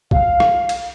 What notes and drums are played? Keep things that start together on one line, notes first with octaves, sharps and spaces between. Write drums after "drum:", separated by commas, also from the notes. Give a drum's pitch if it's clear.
F5, drum: kick A#1
drum: rim click
drum: cymbal